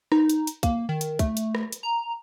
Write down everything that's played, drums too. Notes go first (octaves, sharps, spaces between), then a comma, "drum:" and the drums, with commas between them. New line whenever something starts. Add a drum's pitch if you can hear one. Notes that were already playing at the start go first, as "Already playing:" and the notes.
D#4, drum: rim click
drum: hi-hat
drum: hi-hat
A#3, drum: kick, hi-hat
D#3
drum: hi-hat
A3, drum: kick, hi-hat
drum: hi-hat
drum: rim click
drum: hi-hat
A#5